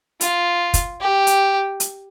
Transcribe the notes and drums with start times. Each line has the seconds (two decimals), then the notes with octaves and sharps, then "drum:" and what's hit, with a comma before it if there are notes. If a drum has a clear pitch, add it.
0.21 F4, drum: hi-hat
0.74 drum: kick, hi-hat
1.00 G4
1.27 drum: hi-hat
1.80 drum: hi-hat